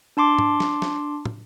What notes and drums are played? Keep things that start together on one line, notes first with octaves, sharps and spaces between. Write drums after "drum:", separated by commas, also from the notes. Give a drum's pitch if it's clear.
D4 A5 C6 D6
drum: tom
drum: snare
drum: snare
drum: tom